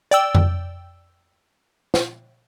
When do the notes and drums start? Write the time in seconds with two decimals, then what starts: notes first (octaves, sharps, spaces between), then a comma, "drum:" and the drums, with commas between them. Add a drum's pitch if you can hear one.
0.11 D5 G5 E6
0.35 drum: tom F2
1.94 drum: snare